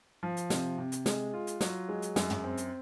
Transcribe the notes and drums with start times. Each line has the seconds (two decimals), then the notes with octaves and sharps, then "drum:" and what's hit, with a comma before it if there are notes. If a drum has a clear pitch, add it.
0.23 F3
0.37 drum: hi-hat
0.50 C3, drum: snare
0.78 C3
0.92 drum: hi-hat
1.06 G#3, drum: snare
1.34 F4
1.47 drum: hi-hat
1.61 F#3, drum: snare
1.89 G#3
2.02 drum: hi-hat
2.16 F#2, drum: snare
2.30 drum: tom
2.44 C4
2.57 drum: hi-hat